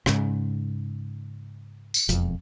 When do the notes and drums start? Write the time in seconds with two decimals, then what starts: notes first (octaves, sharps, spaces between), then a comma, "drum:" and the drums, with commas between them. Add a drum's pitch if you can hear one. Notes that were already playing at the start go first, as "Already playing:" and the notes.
0.06 G#2 C#3, drum: rim click
1.94 drum: tambourine
2.09 E1 F2, drum: hi-hat